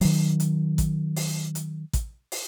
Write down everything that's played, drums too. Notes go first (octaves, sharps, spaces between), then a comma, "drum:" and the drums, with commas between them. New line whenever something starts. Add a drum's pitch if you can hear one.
D#3 F#3, drum: open hi-hat
drum: hi-hat
drum: kick, hi-hat
drum: open hi-hat
drum: hi-hat
drum: kick, hi-hat
drum: open hi-hat